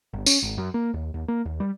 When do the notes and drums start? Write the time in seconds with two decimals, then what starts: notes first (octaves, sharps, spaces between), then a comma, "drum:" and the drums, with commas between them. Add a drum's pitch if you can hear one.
0.13 G1
0.26 C#4, drum: tambourine
0.42 G#1
0.58 F#2
0.74 A#3
0.94 D#2
1.14 D#2
1.28 A#3
1.45 D#2
1.60 G3